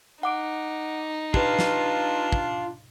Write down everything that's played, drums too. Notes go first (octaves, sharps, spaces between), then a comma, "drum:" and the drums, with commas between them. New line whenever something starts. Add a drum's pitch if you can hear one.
D#4 F#5 D6 D7
D4 F4 G4 B4, drum: kick
drum: snare
drum: kick